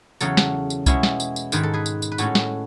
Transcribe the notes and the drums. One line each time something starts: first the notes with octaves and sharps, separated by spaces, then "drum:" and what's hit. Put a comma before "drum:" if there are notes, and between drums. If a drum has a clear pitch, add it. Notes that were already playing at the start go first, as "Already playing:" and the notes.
E2 C#3 F#3 A4 C#5, drum: tambourine
drum: snare
drum: tambourine
B2 G#3 B3 C#4 E4, drum: kick C2, tambourine
drum: snare
drum: tambourine
drum: tambourine
G#2 D#3 G#3 B4, drum: tambourine
A4
G#4 B4
drum: tambourine
drum: tambourine
B4
A2 G#3 C#4 F#4 A4, drum: tambourine
drum: snare